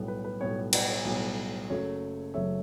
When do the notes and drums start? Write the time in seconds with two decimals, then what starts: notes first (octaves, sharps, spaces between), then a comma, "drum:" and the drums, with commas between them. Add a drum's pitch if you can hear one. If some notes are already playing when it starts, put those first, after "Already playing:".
Already playing: B1 A2 G3 B3
0.08 B4
0.25 B4
0.41 B1 A2 G3 B3 C#5
0.73 B4 D5, drum: cymbal
0.90 C#5
1.05 B1 A2 G3 B3
1.70 F#1 F#2 C#3 F#3 A3 C#5
2.34 F#1 F#2 C#3 F#3 A3 C#5 E5